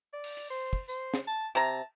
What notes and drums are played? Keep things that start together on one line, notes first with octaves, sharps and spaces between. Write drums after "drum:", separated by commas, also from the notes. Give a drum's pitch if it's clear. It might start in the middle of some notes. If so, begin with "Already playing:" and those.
D5
drum: cymbal
drum: hi-hat
C5
drum: kick
C5, drum: tambourine
drum: snare
A5
C3 A5 A#5